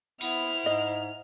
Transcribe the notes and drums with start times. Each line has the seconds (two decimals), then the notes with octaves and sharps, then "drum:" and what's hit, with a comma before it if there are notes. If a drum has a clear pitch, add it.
0.21 B3 E4 C5 F6, drum: tambourine
0.66 G#2 D#5